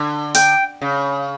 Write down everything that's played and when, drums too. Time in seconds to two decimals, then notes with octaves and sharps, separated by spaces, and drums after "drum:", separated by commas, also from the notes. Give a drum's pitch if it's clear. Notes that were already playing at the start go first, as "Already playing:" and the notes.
Already playing: D3
0.35 G5, drum: open hi-hat
0.81 C#3